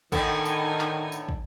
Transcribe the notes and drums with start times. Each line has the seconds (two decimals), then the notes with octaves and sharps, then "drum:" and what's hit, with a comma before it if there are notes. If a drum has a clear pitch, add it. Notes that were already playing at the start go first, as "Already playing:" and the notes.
0.12 A2 D3 D#3 B3 D#4 A4 G5 G#5, drum: kick, tambourine
0.45 drum: tambourine
0.79 drum: clap
1.12 drum: tambourine
1.29 drum: kick